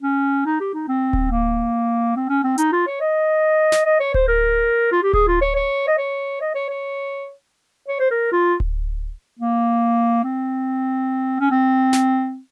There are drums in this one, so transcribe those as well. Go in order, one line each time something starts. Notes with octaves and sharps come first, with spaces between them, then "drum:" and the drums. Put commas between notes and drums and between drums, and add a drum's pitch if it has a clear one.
C#4
D#4
G4
D#4
C4
drum: kick D1
A#3
C4
C#4
C4
D#4, drum: hi-hat
F4
C#5
D#5
drum: snare
D#5
C#5
C5, drum: kick D1
A#4
F4
G4
G#4, drum: kick D1
F4
C#5
C#5
D#5
C#5
D#5
C#5
C#5
C#5
C5
A#4
F4
drum: kick D1
A#3
C4
C#4
C4
drum: snare